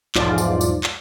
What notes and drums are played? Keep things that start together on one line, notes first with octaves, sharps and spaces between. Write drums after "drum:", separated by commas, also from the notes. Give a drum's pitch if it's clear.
B1 E2 G#2 F3 F4 D5, drum: clap
drum: tambourine
drum: tambourine
drum: clap